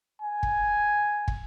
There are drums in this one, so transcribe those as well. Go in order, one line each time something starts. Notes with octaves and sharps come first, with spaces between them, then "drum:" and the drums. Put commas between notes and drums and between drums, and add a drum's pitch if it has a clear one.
G#5
drum: kick
drum: kick